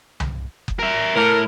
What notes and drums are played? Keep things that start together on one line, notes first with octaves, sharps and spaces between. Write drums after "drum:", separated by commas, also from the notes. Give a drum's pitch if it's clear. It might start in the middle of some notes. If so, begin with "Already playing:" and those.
drum: tom C2
drum: kick F#1
A#4 E5
A2 A#4